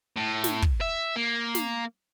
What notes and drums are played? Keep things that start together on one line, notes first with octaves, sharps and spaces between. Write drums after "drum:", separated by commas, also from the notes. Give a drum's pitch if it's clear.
A2
drum: snare
drum: kick
E5
A#3
drum: snare